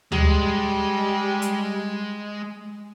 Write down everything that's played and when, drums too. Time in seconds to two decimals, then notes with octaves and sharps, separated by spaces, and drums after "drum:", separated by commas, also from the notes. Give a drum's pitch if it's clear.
0.12 G3 G#3, drum: tom D2
1.42 drum: hi-hat